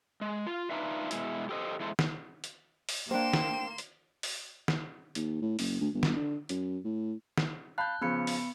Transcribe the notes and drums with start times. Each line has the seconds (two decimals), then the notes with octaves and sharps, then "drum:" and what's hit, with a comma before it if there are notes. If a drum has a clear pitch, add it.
0.21 G#3
0.47 F4
0.70 D4 D#4 F4 B4 E5
1.11 B2 G#3 E4, drum: hi-hat
1.49 G4 A4 C5 D#5
1.80 E2 G#3 E4 A4 C5
1.99 drum: snare
2.44 drum: hi-hat
2.89 drum: open hi-hat
3.11 A#3 D4 C5 G5 C6 E7
3.33 drum: snare
3.78 drum: hi-hat
4.23 drum: open hi-hat
4.68 drum: snare
5.15 D#2, drum: hi-hat
5.42 A2
5.59 F#1, drum: open hi-hat
5.80 D2
5.94 G1
6.03 drum: snare
6.16 D3
6.49 F#2, drum: hi-hat
6.84 A2
7.38 drum: snare
7.78 F5 A5 B5 F#6 G6
8.02 C#3 F3 B3 B5 C#7
8.27 drum: open hi-hat